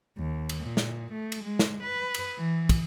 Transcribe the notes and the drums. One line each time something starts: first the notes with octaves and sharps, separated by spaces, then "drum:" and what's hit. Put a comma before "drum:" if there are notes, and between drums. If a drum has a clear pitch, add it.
D#2
drum: cymbal
A#2
drum: snare
A3
drum: cymbal
G#3
drum: snare
B4
drum: cymbal
E3
drum: kick, cymbal